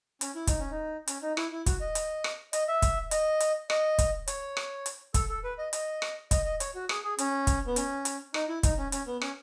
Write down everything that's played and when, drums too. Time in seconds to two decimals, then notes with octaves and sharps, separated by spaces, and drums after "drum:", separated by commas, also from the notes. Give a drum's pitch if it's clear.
0.21 C#4, drum: hi-hat
0.35 E4
0.47 D#4, drum: kick, hi-hat
0.59 C#4
0.71 D#4
1.07 C#4, drum: hi-hat
1.22 D#4
1.37 E4, drum: rim click
1.52 E4
1.66 F#4, drum: kick, hi-hat
1.80 D#5
1.95 drum: hi-hat
2.24 drum: rim click
2.53 D#5, drum: hi-hat
2.68 E5
2.82 drum: kick, hi-hat
3.11 D#5, drum: hi-hat
3.40 drum: hi-hat
3.70 D#5, drum: rim click
3.99 drum: kick, hi-hat
4.28 C#5, drum: hi-hat
4.57 drum: rim click
4.86 drum: hi-hat
5.14 A4, drum: kick, hi-hat
5.29 A4
5.44 B4
5.58 D#5
5.73 D#5, drum: hi-hat
6.02 drum: rim click
6.31 D#5, drum: kick, hi-hat
6.45 D#5
6.60 C#5, drum: hi-hat
6.75 F#4
6.89 G#4, drum: rim click
7.04 G#4
7.18 C#4, drum: hi-hat
7.47 drum: kick, hi-hat
7.67 B3
7.76 C#4, drum: hi-hat
8.05 drum: hi-hat
8.34 D#4, drum: rim click
8.49 E4
8.63 D#4, drum: kick, hi-hat
8.78 C#4
8.92 C#4, drum: hi-hat
9.07 B3
9.21 C#4, drum: rim click